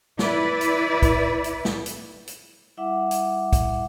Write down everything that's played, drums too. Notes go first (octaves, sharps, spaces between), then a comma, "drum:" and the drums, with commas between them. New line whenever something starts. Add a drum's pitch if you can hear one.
E4 B4 D5, drum: snare
drum: hi-hat
drum: kick, hi-hat
drum: hi-hat
drum: snare
drum: hi-hat
drum: hi-hat
G3 E4 E5 F#5 D6
drum: hi-hat
drum: kick, hi-hat